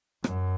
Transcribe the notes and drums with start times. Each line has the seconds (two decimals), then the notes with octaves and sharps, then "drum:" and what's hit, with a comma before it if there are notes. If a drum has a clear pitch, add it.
0.24 F#2, drum: rim click